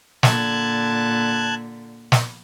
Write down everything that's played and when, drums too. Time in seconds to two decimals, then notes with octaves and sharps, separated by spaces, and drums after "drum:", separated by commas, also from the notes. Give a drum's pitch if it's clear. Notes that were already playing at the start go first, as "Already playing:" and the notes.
0.23 A#2 D3 A5 F#6 G#6, drum: snare
2.12 drum: snare